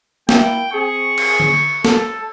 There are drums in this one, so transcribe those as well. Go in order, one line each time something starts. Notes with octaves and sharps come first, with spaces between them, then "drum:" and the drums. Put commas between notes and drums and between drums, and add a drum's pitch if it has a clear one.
A#3 E4 G5, drum: snare
C4 G#4 C#6
drum: cymbal
drum: tom D3
A4, drum: snare